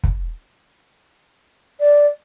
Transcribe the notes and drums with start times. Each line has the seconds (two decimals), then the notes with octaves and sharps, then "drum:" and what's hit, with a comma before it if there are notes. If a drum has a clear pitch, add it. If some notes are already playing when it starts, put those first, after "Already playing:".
0.04 drum: kick
1.80 D5